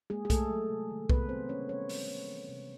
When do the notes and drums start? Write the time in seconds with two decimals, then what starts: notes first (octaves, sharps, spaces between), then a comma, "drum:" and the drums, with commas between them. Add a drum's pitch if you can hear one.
0.10 G#3 A#3 G#4
0.25 G#4
0.30 F#3 A3 A4, drum: kick B1, hi-hat
0.50 F#3
0.70 C3
0.90 D#3
1.10 C3 B3 B4, drum: kick B1
1.29 C3 C4 C5
1.49 E3 C#4 C#5
1.69 G3 C#4 C#5
1.89 C3, drum: open hi-hat
2.09 C3
2.29 E3
2.49 C3